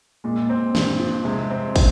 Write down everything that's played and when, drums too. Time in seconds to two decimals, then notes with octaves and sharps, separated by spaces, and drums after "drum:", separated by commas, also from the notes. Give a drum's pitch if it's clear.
0.24 A#2 G#3
0.49 C4
0.75 G2 A#2, drum: snare
0.99 F3
1.25 C3 G#3
1.50 C4
1.76 drum: kick, open hi-hat